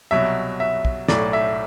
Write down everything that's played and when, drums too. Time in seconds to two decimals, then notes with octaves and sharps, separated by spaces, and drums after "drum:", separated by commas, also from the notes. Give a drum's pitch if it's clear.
0.11 C2 B2 F#3 E5
0.60 E5
0.85 drum: kick
1.08 B1 A2 F#3 A3 D5, drum: snare
1.33 E5